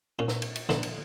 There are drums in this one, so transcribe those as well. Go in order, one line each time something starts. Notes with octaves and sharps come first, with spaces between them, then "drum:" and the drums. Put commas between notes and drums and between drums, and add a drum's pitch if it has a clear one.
A#2 C#4
drum: snare
drum: cymbal
drum: cymbal
D3 E3 D4, drum: snare
drum: cymbal